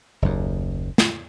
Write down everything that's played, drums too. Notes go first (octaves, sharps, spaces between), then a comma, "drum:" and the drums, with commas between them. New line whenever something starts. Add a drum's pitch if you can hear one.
F#1 D#2
drum: snare